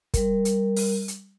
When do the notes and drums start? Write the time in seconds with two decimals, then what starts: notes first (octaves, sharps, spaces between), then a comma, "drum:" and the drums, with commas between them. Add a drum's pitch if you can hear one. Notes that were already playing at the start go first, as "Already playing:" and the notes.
0.14 G3 A#4, drum: kick, hi-hat
0.45 drum: hi-hat
0.77 drum: open hi-hat
1.08 drum: hi-hat